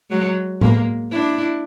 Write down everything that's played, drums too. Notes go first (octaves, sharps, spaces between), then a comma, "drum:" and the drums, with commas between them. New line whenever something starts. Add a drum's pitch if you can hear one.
F#3 G#3
G#3 A#3, drum: tom A2
D4 E4